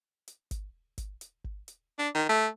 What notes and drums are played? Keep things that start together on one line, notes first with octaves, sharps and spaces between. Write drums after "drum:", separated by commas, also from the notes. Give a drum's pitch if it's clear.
drum: hi-hat
drum: kick G#1, hi-hat
drum: kick G#1, hi-hat
drum: hi-hat
drum: kick G#1
drum: hi-hat
D4
D#3
A3